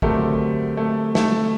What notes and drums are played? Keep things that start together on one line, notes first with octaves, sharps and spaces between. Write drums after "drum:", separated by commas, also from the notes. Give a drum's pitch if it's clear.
D3 F#3 A3 C4 G4 A#4, drum: kick
A3
A3, drum: snare